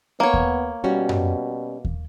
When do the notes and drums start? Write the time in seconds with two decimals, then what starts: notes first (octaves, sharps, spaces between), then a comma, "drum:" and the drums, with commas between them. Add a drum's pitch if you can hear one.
0.20 A#3 B3 C#5
0.34 drum: kick D#2
0.84 B2 G3 C#4 F#4
1.09 drum: tom F#2
1.85 drum: kick D#2